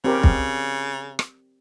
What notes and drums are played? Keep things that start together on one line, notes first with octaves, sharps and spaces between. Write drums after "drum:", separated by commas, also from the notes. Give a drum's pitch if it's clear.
C#3 C4 G4 A#4
drum: kick
drum: rim click